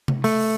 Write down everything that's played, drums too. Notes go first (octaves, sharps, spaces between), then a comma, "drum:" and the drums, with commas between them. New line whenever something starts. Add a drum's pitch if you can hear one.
drum: tom C3
A3, drum: open hi-hat